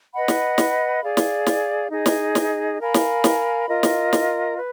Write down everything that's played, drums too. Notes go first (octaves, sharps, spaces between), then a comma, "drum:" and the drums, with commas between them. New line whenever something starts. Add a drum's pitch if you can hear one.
B4 D#5 F#5 B5
drum: snare
drum: snare
G#4 D5 F5
drum: snare
drum: snare
D#4 G#4 D#5
drum: snare
drum: snare
A#4 F5 G#5 B5
drum: snare
drum: snare
F4 A#4 D#5
drum: snare
drum: snare
B4